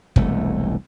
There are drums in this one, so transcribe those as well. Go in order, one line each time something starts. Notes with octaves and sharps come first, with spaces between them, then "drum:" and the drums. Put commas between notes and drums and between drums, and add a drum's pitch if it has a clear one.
E1 C2 A3, drum: kick